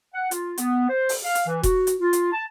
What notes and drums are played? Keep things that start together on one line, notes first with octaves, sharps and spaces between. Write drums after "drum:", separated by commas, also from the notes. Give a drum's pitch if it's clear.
F#5
F4, drum: hi-hat
B3, drum: hi-hat
C5
drum: open hi-hat
F5
drum: hi-hat
E3
F#4, drum: kick E1, hi-hat
drum: hi-hat
F4
drum: hi-hat
A5